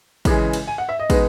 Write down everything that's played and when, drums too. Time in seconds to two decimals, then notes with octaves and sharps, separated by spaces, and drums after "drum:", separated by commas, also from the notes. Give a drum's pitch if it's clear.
0.25 C#3 E3 G#3, drum: kick, cymbal
0.53 drum: cymbal
0.67 G#5
0.78 F#5
0.89 E5
0.99 D#5
1.10 B2 G#3 B3 D#4, drum: kick, cymbal